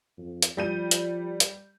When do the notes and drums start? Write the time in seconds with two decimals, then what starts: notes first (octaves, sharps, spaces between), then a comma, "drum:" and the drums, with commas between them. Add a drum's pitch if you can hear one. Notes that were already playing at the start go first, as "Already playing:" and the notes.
0.18 F2
0.42 drum: hi-hat
0.57 F3 G3 G6 D#7
0.91 drum: hi-hat
1.40 drum: hi-hat